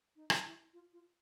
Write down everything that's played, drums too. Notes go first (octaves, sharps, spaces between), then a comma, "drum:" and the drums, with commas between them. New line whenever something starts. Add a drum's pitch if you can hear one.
D#4
drum: rim click
E4
F4
F4